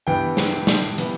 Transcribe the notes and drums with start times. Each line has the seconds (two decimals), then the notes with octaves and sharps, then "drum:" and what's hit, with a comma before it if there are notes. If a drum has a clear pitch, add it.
0.07 G2 E3 B3 G5
0.37 drum: snare
0.67 drum: snare
0.98 E3 B3, drum: hi-hat